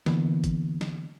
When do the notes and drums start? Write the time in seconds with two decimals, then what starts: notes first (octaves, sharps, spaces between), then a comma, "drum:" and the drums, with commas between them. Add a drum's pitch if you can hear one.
0.06 D3 E3 A#3 B3, drum: snare
0.44 drum: kick G#1, hi-hat
0.81 drum: snare